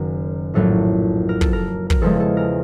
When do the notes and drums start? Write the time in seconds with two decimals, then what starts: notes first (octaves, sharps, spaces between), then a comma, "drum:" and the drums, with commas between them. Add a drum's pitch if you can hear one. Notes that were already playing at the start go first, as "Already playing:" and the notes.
Already playing: F#1 F#2 D#3 A#4
0.54 A#1 A2 F#3 A3 A4
1.29 A#4
1.41 A4, drum: kick
1.53 A#4
1.90 A#4, drum: kick
2.02 E2 C#3 F3 G#3 A4
2.20 A4
2.37 A#4